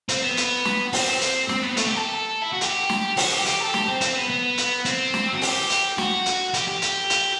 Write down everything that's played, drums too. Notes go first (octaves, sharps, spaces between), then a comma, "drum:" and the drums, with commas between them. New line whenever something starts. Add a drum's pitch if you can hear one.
C4, drum: hi-hat
B3
drum: hi-hat
drum: snare
C4, drum: open hi-hat
drum: hi-hat
C4, drum: snare
B3
A3, drum: hi-hat
G4
A4
E4
F#4
G4, drum: hi-hat
drum: snare
F#4, drum: open hi-hat
G4
G4, drum: hi-hat
A4
G4, drum: snare
C4
C4, drum: hi-hat
B3
B3
drum: hi-hat
C4, drum: hi-hat
drum: snare
F#4
G4, drum: open hi-hat
drum: hi-hat
F#4, drum: snare
drum: hi-hat
G4, drum: hi-hat
G4
drum: hi-hat
drum: hi-hat